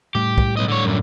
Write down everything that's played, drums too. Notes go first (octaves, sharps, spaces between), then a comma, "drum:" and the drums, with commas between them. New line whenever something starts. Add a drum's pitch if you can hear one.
A2 G3 G4
drum: kick
B1 D#5
D3 C#5
F#2 D3